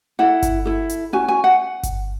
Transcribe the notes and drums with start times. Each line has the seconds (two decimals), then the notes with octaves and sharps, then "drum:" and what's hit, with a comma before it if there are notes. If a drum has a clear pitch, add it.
0.19 E4 A4 F#5
0.42 drum: kick G1, hi-hat
0.65 E4 A4
0.89 drum: hi-hat
1.13 C#4 F#4 G#5
1.28 G#5
1.44 F#5
1.83 drum: kick G1, hi-hat